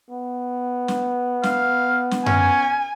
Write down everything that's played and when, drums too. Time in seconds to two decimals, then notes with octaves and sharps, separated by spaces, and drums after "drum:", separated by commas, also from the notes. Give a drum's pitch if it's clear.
0.10 B3
0.88 drum: snare
1.43 F5, drum: snare
2.11 drum: snare
2.26 C#4 G#5, drum: tom F#2